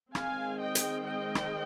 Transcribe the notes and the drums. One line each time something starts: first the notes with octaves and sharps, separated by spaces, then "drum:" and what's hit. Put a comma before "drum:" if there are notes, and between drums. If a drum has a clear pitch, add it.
D#3 G#3 C4 F5 G#5, drum: rim click
D#5 G5
drum: hi-hat
D#5 G5
drum: rim click